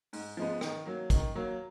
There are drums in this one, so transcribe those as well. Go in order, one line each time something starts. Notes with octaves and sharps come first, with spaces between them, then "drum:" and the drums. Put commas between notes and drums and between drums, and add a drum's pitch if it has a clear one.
G#2, drum: open hi-hat
F3 G#3 B3
D#3, drum: rim click
F#3 A#3
D#3, drum: kick, hi-hat
F#3 A#3